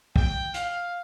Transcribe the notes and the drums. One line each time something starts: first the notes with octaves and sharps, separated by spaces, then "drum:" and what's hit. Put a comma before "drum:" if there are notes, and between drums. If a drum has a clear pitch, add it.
G5, drum: kick
F5, drum: hi-hat